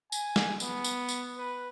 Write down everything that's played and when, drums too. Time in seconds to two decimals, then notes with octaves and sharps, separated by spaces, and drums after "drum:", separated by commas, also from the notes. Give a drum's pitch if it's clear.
0.12 G#5, drum: tambourine
0.36 drum: snare
0.60 B3, drum: tambourine
0.84 drum: tambourine
1.09 drum: tambourine
1.38 B4